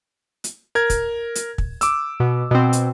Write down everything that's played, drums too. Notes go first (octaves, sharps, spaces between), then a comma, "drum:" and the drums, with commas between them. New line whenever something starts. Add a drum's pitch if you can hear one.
drum: hi-hat
A#4 G#6
drum: kick, hi-hat
drum: hi-hat
drum: kick
D6 E6, drum: hi-hat
B2
B2 C4
drum: hi-hat